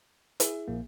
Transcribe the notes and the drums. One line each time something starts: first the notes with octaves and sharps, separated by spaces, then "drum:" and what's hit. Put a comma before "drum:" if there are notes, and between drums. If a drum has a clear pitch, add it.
E4 G#4, drum: hi-hat
A#1 A#3